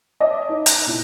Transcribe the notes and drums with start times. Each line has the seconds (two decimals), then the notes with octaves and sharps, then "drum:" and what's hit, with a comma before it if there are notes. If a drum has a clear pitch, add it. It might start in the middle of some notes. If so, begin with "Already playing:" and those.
0.20 C#5 D#5 E5 A5 D6
0.49 D#4
0.66 A#5 F#6 A#6, drum: hi-hat
0.86 A#2 E4